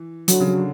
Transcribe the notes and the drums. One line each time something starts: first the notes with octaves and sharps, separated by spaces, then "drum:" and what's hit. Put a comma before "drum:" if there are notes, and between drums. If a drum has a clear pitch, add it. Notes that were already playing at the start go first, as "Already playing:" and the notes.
Already playing: E3
D3 F#3, drum: hi-hat
C#3
F#3
D3